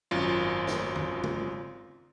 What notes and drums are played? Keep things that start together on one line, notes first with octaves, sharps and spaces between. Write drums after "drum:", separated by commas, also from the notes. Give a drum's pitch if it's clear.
G#1 F#2 F4
drum: snare
drum: tom
drum: tom